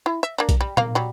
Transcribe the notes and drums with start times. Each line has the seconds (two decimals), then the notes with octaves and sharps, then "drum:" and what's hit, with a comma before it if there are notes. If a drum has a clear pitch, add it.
0.06 E4
0.23 E5
0.38 A#3 D4
0.49 drum: kick B1, hi-hat
0.61 G3
0.77 A#3 F5, drum: tom A#2
0.95 F#3 G3